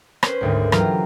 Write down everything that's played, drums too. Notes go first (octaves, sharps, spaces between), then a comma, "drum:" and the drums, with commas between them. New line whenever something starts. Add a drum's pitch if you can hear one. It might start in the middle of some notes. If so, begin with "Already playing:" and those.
C#4 B4 C5, drum: rim click
G#1 D2 G#2
E3 F#3 F4 G4 F5 A#5, drum: rim click